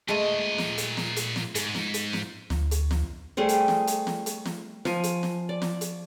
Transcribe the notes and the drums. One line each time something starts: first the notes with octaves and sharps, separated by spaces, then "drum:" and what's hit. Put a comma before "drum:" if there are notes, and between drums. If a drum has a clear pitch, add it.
A#2 G#3 A3 D#5
drum: snare
drum: hi-hat
drum: snare
drum: hi-hat
drum: snare
G#2, drum: hi-hat
drum: snare
drum: hi-hat
drum: snare
D2, drum: snare
drum: hi-hat
drum: snare
G3 A3 G#4 C5
drum: hi-hat
drum: snare
drum: hi-hat
drum: snare
drum: hi-hat
drum: snare
F3 G#5, drum: snare
drum: hi-hat
drum: snare
D5
drum: snare
drum: hi-hat